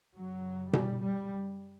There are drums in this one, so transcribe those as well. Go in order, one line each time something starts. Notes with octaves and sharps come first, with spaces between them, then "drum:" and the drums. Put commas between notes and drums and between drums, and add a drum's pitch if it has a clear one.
F#2 C#3 F#3
G3, drum: tom B2
G3